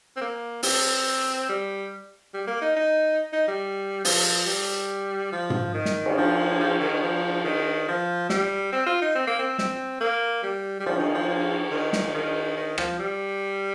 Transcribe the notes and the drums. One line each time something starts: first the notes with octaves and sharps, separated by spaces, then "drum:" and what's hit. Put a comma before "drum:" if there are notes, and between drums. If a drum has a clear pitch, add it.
C4
A#3
C4, drum: open hi-hat
G3
G3
A#3
D#4
D#4
D#4
G3
F3, drum: open hi-hat
G3
F3
drum: tom G#2
D#3
drum: snare
drum: cymbal
F3
F3
D#3
F3
D#3
F3
G3, drum: snare
C4
F4
D#4
C4
A#3
C4
C4, drum: snare
A#3
G3
G3
F3, drum: cymbal
D#3
F3
F3
D#3
drum: snare
D#3
D#3
F3, drum: rim click
G3